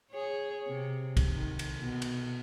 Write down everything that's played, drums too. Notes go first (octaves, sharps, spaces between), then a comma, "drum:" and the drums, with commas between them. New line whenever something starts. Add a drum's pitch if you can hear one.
G#4 C#5
C3
drum: kick, cymbal
D#3
drum: cymbal
B2
drum: cymbal